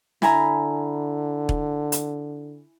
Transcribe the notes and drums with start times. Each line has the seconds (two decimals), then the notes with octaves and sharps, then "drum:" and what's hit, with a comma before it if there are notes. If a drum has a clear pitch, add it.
0.22 D3 E4 G#5 A#5, drum: snare
1.49 drum: kick E1
1.92 drum: hi-hat